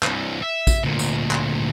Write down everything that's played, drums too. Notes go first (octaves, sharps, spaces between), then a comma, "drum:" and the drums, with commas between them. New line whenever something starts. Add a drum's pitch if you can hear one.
C2 E3, drum: clap
E5
drum: kick, tambourine
D2 A#2
drum: tambourine
drum: clap